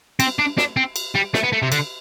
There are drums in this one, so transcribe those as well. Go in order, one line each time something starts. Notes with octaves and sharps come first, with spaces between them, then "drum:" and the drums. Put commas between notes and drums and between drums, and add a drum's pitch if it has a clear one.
C4, drum: cymbal
D4
D4, drum: snare
C4
drum: cymbal
G3
A3, drum: snare
B3
A3
C3
D3, drum: cymbal